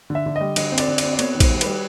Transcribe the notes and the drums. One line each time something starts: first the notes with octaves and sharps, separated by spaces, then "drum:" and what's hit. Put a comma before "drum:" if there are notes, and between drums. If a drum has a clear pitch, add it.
D3
E5
D3
G3 D#5
D3 D#5, drum: cymbal
C4
D5, drum: cymbal
D3
D5, drum: cymbal
C4
D5
B3 C#5, drum: cymbal
D#3
C5, drum: kick A#1, cymbal
G3
B4, drum: cymbal
G3